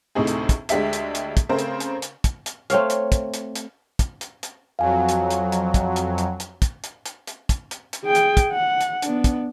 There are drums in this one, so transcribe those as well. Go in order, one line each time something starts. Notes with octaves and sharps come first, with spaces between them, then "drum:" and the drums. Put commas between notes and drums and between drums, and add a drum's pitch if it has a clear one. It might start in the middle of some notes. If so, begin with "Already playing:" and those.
D2 A2 C3 D#4 G#4
drum: hi-hat
drum: kick, hi-hat
D2 G#3 D4 G4 E5 B6, drum: hi-hat
drum: hi-hat
drum: hi-hat
drum: kick, hi-hat
C#3 A3 C4 A#4 C5
drum: hi-hat
drum: hi-hat
drum: hi-hat
drum: kick, hi-hat
drum: hi-hat
A3 C4 C#5 F5, drum: hi-hat
drum: hi-hat
drum: kick, hi-hat
drum: hi-hat
drum: hi-hat
drum: kick, hi-hat
drum: hi-hat
drum: hi-hat
F2 F#3 F5 G#5
drum: hi-hat
drum: hi-hat
drum: hi-hat
drum: kick, hi-hat
drum: hi-hat
drum: hi-hat
drum: hi-hat
drum: kick, hi-hat
drum: hi-hat
drum: hi-hat
drum: hi-hat
drum: kick, hi-hat
drum: hi-hat
drum: hi-hat
G#4 G5
drum: hi-hat
drum: kick, hi-hat
F#5
drum: hi-hat
B3 D4, drum: hi-hat
drum: kick, hi-hat